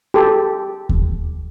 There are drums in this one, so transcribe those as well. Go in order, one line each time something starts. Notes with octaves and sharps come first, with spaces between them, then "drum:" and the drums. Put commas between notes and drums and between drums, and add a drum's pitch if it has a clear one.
G4 A4
drum: kick D#2